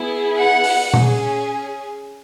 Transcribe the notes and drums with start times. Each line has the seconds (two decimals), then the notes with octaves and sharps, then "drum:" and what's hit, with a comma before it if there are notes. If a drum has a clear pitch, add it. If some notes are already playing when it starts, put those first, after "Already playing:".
Already playing: B3 E4 G#4
0.38 F#5
0.64 drum: open hi-hat
0.94 C#4 G#4, drum: tom A#2